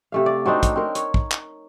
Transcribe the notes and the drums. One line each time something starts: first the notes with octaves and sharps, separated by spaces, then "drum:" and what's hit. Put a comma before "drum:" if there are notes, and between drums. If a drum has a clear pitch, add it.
C3 A3 F5
D5
F#3 C4 D4 D#4
drum: kick, hi-hat
C4 A#4
C#5, drum: hi-hat
drum: kick
drum: clap